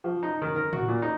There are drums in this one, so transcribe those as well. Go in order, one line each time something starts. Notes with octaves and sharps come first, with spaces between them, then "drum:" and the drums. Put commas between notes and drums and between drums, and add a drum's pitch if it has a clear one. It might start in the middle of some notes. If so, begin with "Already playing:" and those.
F3
D#4
D#3
A#4
F#4, drum: tom A2
A#2
D#4